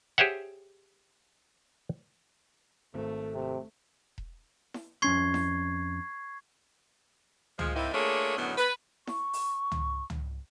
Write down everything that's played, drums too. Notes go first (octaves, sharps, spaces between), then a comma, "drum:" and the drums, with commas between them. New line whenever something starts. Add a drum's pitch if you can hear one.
G4 G#4 C5 C#5 E5 F#5
G#1 A3 A4
C3
drum: kick E1
drum: snare E4
F2 C#4 C6 C#6 G#6 C7
drum: snare E4
A#2 F3 G#3, drum: tom
C3 G3 A#3 C4 D#4 E4
A3 A#3 D4 F4 G#4 C#5
F#2 A2 D3 D#3 F#3 B3
B4, drum: hi-hat
C#6, drum: snare E4
drum: open hi-hat
drum: tom
drum: tom